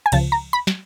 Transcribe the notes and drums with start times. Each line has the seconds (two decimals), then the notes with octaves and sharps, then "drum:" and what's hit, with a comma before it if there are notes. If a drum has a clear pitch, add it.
0.06 G#5
0.12 C#2 C#3 F3 A5, drum: cymbal
0.32 A#5
0.53 B5
0.67 drum: snare